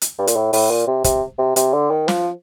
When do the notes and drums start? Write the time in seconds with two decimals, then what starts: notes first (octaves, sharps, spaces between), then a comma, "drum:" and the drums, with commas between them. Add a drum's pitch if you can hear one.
0.01 drum: hi-hat
0.18 G2
0.27 A#2, drum: hi-hat
0.36 A2
0.53 A2, drum: open hi-hat
0.70 A#2
0.87 C3
1.04 C3, drum: kick, hi-hat
1.39 C3
1.56 C3, drum: hi-hat
1.73 D3
1.90 D#3
2.08 F3, drum: snare